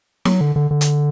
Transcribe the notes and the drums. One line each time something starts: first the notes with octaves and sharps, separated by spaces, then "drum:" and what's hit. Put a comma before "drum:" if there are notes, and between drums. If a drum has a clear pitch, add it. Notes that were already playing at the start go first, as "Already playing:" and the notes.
F#3, drum: snare
D3
D3
D3
drum: hi-hat